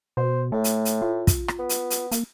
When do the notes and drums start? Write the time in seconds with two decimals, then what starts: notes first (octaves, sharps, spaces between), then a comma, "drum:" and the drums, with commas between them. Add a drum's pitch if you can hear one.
0.17 B2 C5
0.52 A2 A3
0.64 drum: hi-hat
0.85 drum: hi-hat
1.02 F4
1.27 drum: kick, hi-hat
1.48 drum: rim click
1.59 B3
1.69 drum: hi-hat
1.90 drum: hi-hat
2.11 A#3, drum: hi-hat